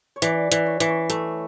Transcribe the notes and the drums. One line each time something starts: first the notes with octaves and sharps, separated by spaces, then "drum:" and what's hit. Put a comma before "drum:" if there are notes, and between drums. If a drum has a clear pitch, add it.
C#5
E3 D5, drum: hi-hat
E3, drum: hi-hat
C#5
E3, drum: hi-hat
C#5
A3, drum: hi-hat